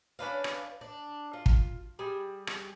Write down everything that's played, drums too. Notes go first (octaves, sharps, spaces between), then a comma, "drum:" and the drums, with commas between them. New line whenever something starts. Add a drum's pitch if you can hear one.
C#4 D4 B4 F5
drum: rim click
D4
F4
drum: kick
G3 G#4
drum: rim click